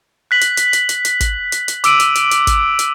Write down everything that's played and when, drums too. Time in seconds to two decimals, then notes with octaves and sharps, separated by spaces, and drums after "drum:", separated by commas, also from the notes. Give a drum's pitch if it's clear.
0.31 F#6 B6 F#7
0.41 drum: hi-hat
0.57 drum: hi-hat
0.73 drum: hi-hat
0.89 drum: hi-hat
1.05 drum: hi-hat
1.20 drum: kick, hi-hat
1.52 drum: hi-hat
1.68 drum: hi-hat
1.84 D6 E6 D7 D#7 F#7, drum: hi-hat
2.00 drum: hi-hat
2.15 drum: hi-hat
2.31 drum: hi-hat
2.47 drum: kick, hi-hat
2.79 drum: hi-hat